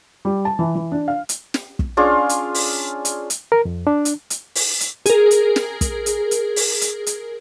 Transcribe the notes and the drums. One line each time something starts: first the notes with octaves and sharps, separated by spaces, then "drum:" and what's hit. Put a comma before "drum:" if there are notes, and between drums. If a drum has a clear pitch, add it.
G3
A5
E3
E3
D4
F5
drum: hi-hat
drum: snare
drum: kick
C#4 D4 F4 G#4
drum: hi-hat
drum: open hi-hat
drum: hi-hat
drum: hi-hat
A#4
F2
D4
drum: hi-hat
drum: hi-hat
drum: open hi-hat
drum: hi-hat
G#4 A#4, drum: hi-hat
drum: hi-hat
drum: snare
drum: kick, hi-hat
drum: hi-hat
drum: hi-hat
drum: open hi-hat
drum: hi-hat
drum: hi-hat